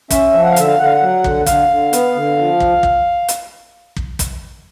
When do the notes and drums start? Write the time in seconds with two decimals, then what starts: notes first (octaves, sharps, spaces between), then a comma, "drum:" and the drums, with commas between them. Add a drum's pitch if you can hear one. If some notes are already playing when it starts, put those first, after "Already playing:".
0.10 C#4 E5, drum: kick, hi-hat
0.33 F3
0.44 F#5
0.52 F5
0.56 D3 E5, drum: hi-hat
0.68 F5
0.78 D3 F#5
0.85 F5
0.93 F#5
1.02 F#3
1.24 D3, drum: kick
1.46 D3 F5, drum: kick, hi-hat
1.69 D3
1.93 B3, drum: hi-hat
2.15 D3
2.38 F3
2.60 drum: kick
2.83 drum: kick
3.28 drum: hi-hat
3.96 drum: kick
4.19 drum: kick, hi-hat